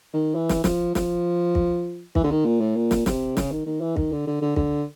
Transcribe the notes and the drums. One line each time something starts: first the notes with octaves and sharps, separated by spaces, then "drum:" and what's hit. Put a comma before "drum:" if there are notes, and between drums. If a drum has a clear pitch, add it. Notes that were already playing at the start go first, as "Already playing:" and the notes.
D#3
E3
drum: snare
F3, drum: snare
F3, drum: snare
drum: kick
E3, drum: kick
D3
D#3
A#2
A2
A#2
drum: snare
C3, drum: snare
C#3, drum: snare
D#3
D#3
E3
D#3, drum: kick
D3
D3
D3
D3, drum: kick